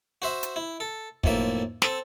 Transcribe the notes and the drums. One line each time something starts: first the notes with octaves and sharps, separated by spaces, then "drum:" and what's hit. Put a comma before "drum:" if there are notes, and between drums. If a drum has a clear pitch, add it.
F#4 C5 E5
drum: hi-hat
E4
A4
B1 F2 A2 A#3 E5, drum: kick
C4 A4, drum: snare